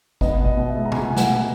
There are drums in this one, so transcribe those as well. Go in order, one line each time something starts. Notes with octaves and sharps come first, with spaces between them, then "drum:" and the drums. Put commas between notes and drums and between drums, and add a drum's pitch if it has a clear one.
B3 D#5, drum: kick G#1
B2
D#5
B2
E5
G#3
A#5
B2 G#5, drum: tom C3
B2 G#5
F#5, drum: snare
B2